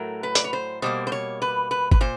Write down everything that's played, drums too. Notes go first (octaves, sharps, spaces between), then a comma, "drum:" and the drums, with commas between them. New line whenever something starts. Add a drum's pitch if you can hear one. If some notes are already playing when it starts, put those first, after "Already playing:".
Already playing: A2 F#3 A3 A#4
B4
D5, drum: hi-hat
C#5
C5
B2 G3 A#3 C5
C5
C#5
B4
B4
B4, drum: kick G1
A#2 C5